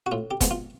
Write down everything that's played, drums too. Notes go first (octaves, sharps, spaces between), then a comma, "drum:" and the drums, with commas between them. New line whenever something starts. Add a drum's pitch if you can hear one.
F#4
A2 F4
G4
F3 G#3 B3, drum: kick, hi-hat
F4